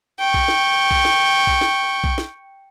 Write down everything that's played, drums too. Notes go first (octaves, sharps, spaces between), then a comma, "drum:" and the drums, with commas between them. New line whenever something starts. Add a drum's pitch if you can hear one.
G5 C#6
drum: kick B1
drum: snare
drum: kick B1
drum: snare
drum: kick B1
drum: snare
drum: kick B1
drum: snare